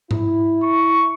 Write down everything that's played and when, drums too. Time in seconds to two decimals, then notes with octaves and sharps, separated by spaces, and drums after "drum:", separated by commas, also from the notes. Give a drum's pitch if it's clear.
0.11 E4, drum: tom G#2
0.63 C#6